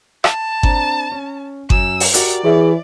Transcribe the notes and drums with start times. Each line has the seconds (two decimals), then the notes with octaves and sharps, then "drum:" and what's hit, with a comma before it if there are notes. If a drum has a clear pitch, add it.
0.24 A5, drum: rim click
0.63 C4 D4 A#5, drum: kick G1
1.12 C#4
1.70 F#2 E6, drum: kick G1
2.00 drum: open hi-hat
2.14 F#4 G4 A#4 D5, drum: hi-hat
2.44 E3 G#4 C#5 E5